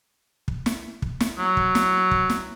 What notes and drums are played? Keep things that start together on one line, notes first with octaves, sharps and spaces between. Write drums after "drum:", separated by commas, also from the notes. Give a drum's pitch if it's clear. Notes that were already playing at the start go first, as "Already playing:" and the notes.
drum: kick
drum: snare
drum: kick
drum: snare
F#3
drum: kick
drum: snare
drum: kick
drum: snare